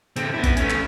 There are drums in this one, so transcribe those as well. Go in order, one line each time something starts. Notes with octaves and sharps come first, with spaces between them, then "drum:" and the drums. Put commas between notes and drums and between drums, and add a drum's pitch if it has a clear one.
D3 C4, drum: hi-hat
B3 E4
drum: kick A1, hi-hat
A3 C#4, drum: hi-hat
drum: clap